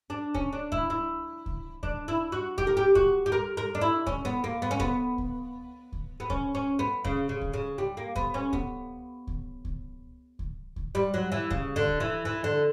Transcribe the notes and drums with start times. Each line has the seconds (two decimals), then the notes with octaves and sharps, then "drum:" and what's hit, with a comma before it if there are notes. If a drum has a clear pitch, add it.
0.10 D4
0.34 C#4, drum: kick C#2
0.53 D4
0.72 E4, drum: kick C#2
0.90 E4
1.46 drum: kick C#2
1.83 D4, drum: kick C#2
2.08 E4
2.32 F#4
2.58 G4, drum: kick C#2
2.67 A#4
2.77 G4
2.95 F#4, drum: kick C#2
3.26 G4
3.32 A#4
3.57 A#4
3.75 D4
3.81 E4
4.07 C#4, drum: kick C#2
4.25 B3
4.44 A#3
4.62 B3
4.71 C#4
4.80 B3, drum: kick C#2
5.18 drum: kick C#2
5.92 drum: kick C#2
6.20 B3
6.30 C#4, drum: kick C#2
6.55 C#4
6.79 B3
7.05 C#3, drum: kick C#2
7.29 C#3
7.41 drum: kick C#2
7.53 C#3
7.78 G3
7.97 A#3
8.16 B3, drum: kick C#2
8.34 C#4
8.53 B3, drum: kick C#2
9.27 drum: kick C#2
9.65 drum: kick C#2
10.39 drum: kick C#2
10.76 drum: kick C#2
10.95 G3
11.14 F#3
11.32 E3
11.50 C#3, drum: kick C#2
11.76 D3
11.88 drum: kick C#2
12.00 E3
12.25 E3
12.44 D3